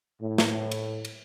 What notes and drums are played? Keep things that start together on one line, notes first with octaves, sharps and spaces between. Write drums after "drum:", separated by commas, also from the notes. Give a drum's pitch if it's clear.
A2
drum: snare
drum: cymbal
drum: cymbal